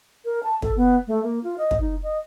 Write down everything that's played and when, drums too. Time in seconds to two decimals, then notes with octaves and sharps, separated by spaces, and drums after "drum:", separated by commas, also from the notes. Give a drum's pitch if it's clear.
0.25 A#4
0.43 A5
0.62 A4, drum: kick
0.77 B3
1.08 A3
1.23 A#3
1.44 F4
1.58 D#5
1.71 drum: kick
1.81 D#4
2.03 D#5